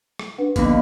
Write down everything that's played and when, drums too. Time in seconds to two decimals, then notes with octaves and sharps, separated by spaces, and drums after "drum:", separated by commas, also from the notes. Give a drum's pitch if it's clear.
0.19 drum: rim click
0.38 D4 B4 F#5
0.56 D#2 D3 D#3 F3 B3 B5, drum: kick, hi-hat